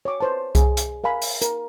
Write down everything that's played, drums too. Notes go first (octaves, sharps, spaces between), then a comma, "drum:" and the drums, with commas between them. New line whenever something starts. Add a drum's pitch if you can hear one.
C#5 D6
B4 C5 A5
G#4, drum: kick C2, hi-hat
drum: hi-hat
A#4 F5 G#5 B5
drum: open hi-hat
A#4, drum: hi-hat